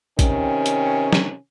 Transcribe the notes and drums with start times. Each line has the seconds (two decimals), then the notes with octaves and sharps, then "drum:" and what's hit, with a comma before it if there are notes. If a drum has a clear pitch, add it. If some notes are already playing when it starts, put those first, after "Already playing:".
0.19 C3 D#3 C#4, drum: kick, hi-hat
0.66 drum: hi-hat
1.13 drum: snare